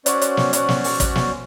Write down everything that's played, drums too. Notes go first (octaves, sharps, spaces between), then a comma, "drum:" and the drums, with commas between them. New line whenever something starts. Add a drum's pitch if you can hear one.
C#4 F#4 C5 D5, drum: hi-hat
drum: hi-hat
drum: snare
drum: hi-hat
drum: snare
drum: open hi-hat
drum: kick, hi-hat
drum: snare